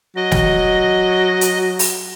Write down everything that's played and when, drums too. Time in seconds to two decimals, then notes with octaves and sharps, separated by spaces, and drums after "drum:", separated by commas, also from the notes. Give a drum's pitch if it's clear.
0.16 F#3 D#5
0.32 drum: snare
1.41 drum: hi-hat
1.79 drum: open hi-hat